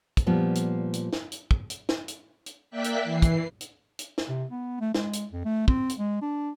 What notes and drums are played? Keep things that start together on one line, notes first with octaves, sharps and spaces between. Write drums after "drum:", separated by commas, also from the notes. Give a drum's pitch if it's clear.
drum: kick, hi-hat
A#2 F3 G3 B3
drum: hi-hat
drum: hi-hat
drum: snare
drum: hi-hat
drum: kick
drum: hi-hat
drum: snare
drum: hi-hat
drum: hi-hat
A#3 D5 E5 G5 F#6 B6
drum: hi-hat
E3 C7
drum: kick, hi-hat
drum: hi-hat
drum: hi-hat
drum: snare
C3
B3
A3
G#3, drum: snare
drum: hi-hat
F2
A3
C4, drum: kick
drum: hi-hat
G#3
D4